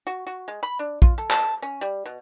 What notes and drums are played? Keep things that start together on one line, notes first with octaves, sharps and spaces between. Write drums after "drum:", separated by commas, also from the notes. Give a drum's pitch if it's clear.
F#4
F#4
G#3
B5
D4
F4, drum: kick A#1
A4
A5, drum: clap
C#4
G3
B2